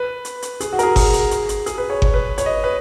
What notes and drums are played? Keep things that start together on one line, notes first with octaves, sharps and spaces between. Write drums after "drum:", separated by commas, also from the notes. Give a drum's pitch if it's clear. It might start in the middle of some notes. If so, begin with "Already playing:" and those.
Already playing: B4
drum: hi-hat
drum: hi-hat
G#4, drum: hi-hat
F#4
A#4, drum: hi-hat
G#4
G#4, drum: kick G1, open hi-hat
drum: hi-hat
drum: hi-hat
drum: hi-hat
G#4, drum: hi-hat
B4
C#5
C#5, drum: kick G1
B4
C#5, drum: hi-hat
D#5
B4